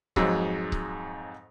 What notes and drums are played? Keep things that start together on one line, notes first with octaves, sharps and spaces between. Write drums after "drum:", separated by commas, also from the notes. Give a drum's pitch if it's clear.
F2 G#2 F#3 G#3 E6, drum: kick C#1
drum: kick C#1